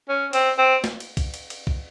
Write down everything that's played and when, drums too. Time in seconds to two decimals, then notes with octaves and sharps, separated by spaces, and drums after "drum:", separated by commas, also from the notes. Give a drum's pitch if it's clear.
0.09 C#4
0.33 C4, drum: cymbal
0.58 C4
0.84 drum: snare
1.00 drum: cymbal
1.17 drum: kick, cymbal
1.34 drum: cymbal
1.50 drum: cymbal
1.67 drum: kick